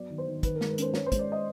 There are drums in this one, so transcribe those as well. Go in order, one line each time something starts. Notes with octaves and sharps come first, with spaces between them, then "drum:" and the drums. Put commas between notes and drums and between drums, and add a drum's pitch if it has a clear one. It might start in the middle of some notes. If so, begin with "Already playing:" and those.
Already playing: F#3 B3 D5
D#3
C5
D#3
D#3 B4, drum: kick, hi-hat
A#4
G#3, drum: snare
B4
C#4 C5, drum: hi-hat
C#4 C#5, drum: snare
C5
G#3, drum: kick, hi-hat
D5
D#5